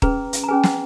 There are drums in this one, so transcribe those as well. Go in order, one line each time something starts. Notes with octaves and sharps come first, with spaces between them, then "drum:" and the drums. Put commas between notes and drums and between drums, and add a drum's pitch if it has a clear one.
C#4 G#4 B4 A#5, drum: kick
drum: hi-hat
A#5
C#4 G#4 B4 G#5
F#5, drum: snare